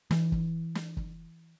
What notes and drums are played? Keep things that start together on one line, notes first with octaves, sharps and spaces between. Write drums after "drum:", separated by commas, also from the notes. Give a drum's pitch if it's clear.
E3, drum: snare
drum: kick
drum: snare
drum: kick